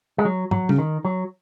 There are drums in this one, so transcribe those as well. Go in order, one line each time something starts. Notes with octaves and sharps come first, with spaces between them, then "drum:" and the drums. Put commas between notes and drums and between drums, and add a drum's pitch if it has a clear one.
G#3
F#3
F#3, drum: tom
C#3, drum: tom
D#3
F#3